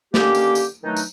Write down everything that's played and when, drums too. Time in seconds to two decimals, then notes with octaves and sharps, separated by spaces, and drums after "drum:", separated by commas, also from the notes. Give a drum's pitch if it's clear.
0.14 D3 D#3 A#3 C#4 G4, drum: snare
0.35 drum: tambourine
0.55 drum: tambourine
0.84 D#3 E3 F#3 A3 D4 D#4
0.97 drum: tambourine